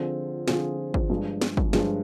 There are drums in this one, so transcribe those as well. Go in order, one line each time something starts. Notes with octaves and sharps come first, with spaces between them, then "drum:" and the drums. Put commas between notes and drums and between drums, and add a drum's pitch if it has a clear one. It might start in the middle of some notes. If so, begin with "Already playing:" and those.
Already playing: D3 F3 C4 F4 G#4
D3 F3 C4 F4 G#4, drum: snare
drum: kick
G2 F3 G#3
drum: snare
drum: kick
G2 F3 G#3, drum: snare